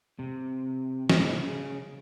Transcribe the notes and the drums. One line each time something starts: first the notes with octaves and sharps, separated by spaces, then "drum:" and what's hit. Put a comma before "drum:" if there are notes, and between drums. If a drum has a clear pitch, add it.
C3
A#2 G#3, drum: snare
C#3 G#4